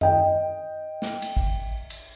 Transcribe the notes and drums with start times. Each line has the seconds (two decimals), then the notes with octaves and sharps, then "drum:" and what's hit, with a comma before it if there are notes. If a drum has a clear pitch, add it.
0.01 D#5 G5, drum: tom F#2
1.02 drum: snare
1.22 drum: cymbal
1.37 drum: kick G#1
1.90 drum: cymbal